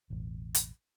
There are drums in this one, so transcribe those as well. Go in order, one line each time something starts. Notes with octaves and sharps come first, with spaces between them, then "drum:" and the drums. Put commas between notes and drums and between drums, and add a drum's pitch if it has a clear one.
E1 A1
drum: hi-hat